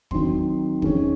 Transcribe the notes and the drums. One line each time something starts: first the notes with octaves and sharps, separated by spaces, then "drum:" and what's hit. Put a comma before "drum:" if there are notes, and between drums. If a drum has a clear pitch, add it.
D#3 F#3 C4 C6, drum: kick
D#3 G#3 C#4, drum: kick